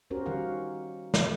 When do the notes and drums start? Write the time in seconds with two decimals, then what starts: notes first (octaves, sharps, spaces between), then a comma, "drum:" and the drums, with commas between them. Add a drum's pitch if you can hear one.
0.10 C#4 F#4 G4 A#4 C5
0.26 D#3 G3 C#4 F#4 F5 F#5
1.14 drum: snare